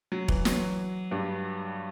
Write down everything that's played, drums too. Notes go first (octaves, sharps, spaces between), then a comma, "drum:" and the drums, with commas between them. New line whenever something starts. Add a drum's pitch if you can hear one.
F#3
E3, drum: kick E1
F#3, drum: snare
G2 G3